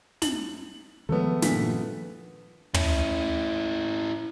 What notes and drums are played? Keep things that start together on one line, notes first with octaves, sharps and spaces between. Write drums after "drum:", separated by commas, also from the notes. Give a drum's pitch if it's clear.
F#7, drum: snare
D#3 F3 G#3 A3 B3
G2 A#2 B6, drum: snare
C#4 E4, drum: tom